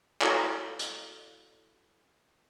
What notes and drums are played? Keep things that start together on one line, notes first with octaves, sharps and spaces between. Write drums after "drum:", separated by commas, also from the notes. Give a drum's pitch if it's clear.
E4 F#4 A4 C#5 F5, drum: clap
drum: hi-hat